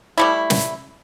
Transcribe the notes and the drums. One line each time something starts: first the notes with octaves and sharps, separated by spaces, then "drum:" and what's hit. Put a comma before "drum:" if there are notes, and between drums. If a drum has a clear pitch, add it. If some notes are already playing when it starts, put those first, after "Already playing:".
G3 A3 E4
drum: snare